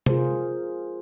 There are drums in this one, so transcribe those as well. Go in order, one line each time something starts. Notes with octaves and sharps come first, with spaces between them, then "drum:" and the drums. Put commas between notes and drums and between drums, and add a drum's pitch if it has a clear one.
F4 G#4 A#4 C5, drum: tom C3